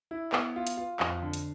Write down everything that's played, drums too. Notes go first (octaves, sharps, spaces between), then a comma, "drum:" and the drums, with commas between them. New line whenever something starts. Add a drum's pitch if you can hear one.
E4
B3, drum: clap
F4
drum: hi-hat
F4
F2, drum: clap
D3
drum: hi-hat